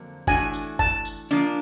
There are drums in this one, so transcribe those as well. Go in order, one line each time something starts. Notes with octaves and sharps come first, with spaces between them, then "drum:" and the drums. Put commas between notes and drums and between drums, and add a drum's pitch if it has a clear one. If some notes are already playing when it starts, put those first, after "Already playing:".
Already playing: F2 D3 F#3 A#3
E3 A3 D4 F#4 G#5, drum: kick F#1
drum: tambourine
A5, drum: kick F#1
drum: tambourine
F3 A#3 D4